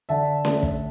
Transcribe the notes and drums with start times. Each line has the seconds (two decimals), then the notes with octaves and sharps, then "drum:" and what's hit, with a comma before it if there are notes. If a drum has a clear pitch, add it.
0.09 D3 E5 A5
0.45 A3 D4, drum: snare C#4
0.63 drum: kick